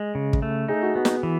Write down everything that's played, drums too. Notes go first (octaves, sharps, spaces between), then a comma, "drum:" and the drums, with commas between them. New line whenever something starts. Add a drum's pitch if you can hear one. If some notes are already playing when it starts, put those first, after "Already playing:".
Already playing: G#3 G#4
C#3
drum: kick
A3
D#4 G#4
F#4
B3 F#4
drum: snare
E3